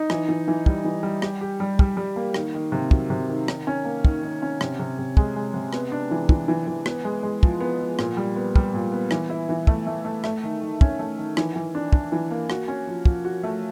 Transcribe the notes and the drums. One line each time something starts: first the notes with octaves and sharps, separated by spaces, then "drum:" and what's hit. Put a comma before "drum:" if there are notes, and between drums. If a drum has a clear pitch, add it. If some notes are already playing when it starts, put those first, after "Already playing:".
Already playing: D#4
E3, drum: rim click
E3
E3
G3, drum: kick
E3
G3
G4, drum: rim click
G4
G3
G3, drum: kick
G3
A#3
D#3, drum: rim click
D#3
C3
F#3, drum: kick
C3
D#3
D#3, drum: rim click
C#4
A#3
D#3, drum: kick
D#3
C#4
C3, drum: rim click
C3
C3
G#3, drum: kick
G#3
C3
B3, drum: rim click
D4
E3
E3, drum: kick
E3
E3
B3, drum: rim click
G#3
G#3
F3, drum: kick
B3
F3
A#2, drum: rim click
G3
B3
G3, drum: kick
A#2
B3
E3, drum: rim click
E4
E3
A3, drum: kick
A3
A3
A3, drum: rim click
D#3
D#3
C#4, drum: kick
A3
D#3
E3, drum: rim click
E3
D4
D4, drum: kick
E3
A#3
F#4, drum: rim click
C#4
F3
F3, drum: kick
F#4
A3